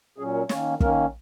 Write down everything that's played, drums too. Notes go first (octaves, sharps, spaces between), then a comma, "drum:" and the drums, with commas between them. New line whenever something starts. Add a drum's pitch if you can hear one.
A#2 F#3 C#4 G#4
A#4
D#3 A#3 C#4 C#5, drum: snare
D#3 A#3 C#4 A#4, drum: kick